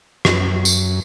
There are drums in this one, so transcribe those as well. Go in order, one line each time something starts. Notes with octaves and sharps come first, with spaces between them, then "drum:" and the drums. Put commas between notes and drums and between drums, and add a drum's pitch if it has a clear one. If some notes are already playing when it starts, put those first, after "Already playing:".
F#2, drum: rim click
drum: tambourine